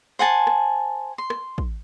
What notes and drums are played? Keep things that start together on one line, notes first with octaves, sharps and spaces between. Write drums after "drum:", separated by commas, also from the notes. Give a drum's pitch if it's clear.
C5 F#5 G#5 A5
drum: rim click
C6
drum: rim click
drum: kick